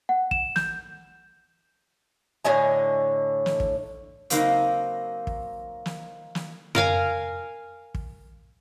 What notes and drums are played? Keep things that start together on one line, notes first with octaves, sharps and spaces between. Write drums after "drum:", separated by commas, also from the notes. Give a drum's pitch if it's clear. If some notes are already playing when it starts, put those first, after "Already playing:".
F#5
E7, drum: kick
G6, drum: snare
A2 D3 D#5 G#5
drum: snare
drum: kick
C#3 F#3 A#3 C4 D#4, drum: hi-hat
drum: kick
drum: snare
drum: snare
A#4 F5 G#5 A#5, drum: tom F#2
drum: kick